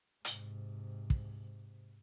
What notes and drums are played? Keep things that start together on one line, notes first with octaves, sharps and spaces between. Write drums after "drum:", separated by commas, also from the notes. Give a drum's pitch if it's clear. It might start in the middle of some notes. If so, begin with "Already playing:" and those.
G#2 C3, drum: hi-hat
drum: kick